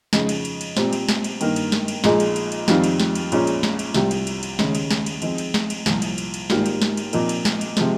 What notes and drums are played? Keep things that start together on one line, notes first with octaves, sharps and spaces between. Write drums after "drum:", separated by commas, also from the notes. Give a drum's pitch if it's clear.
F2 C#3 G#3 D#4 G#4, drum: snare
drum: cymbal
drum: cymbal
drum: cymbal
A#2 G3 C4 G4 C5, drum: snare
drum: cymbal
drum: snare
drum: cymbal
G2 D#3 A#3, drum: cymbal
drum: cymbal
drum: snare
drum: cymbal
A#1 A#2 G#3 D#4 G#4, drum: snare
drum: cymbal
drum: cymbal
drum: cymbal
F2 D#3 G3 C4 F4, drum: snare
drum: cymbal
drum: snare
drum: cymbal
A#1 A#2 G#3 C#4, drum: cymbal
drum: cymbal
drum: snare
drum: cymbal
C2 C3 G3, drum: snare
drum: cymbal
drum: cymbal
drum: cymbal
D#2 C#3 G#3 C#4, drum: snare
drum: cymbal
drum: snare
drum: cymbal
F3 G#3 C4 D#4 G#4, drum: cymbal
drum: cymbal
drum: snare
drum: cymbal
C2 A#2 F3, drum: snare
drum: cymbal
drum: cymbal
drum: cymbal
G#1 G#2 G3 A#3 F4, drum: snare
drum: cymbal
drum: snare
drum: cymbal
A#2 F3 C4 D#4 A#4, drum: cymbal
drum: cymbal
drum: snare
drum: cymbal
C3 F3 G#3, drum: snare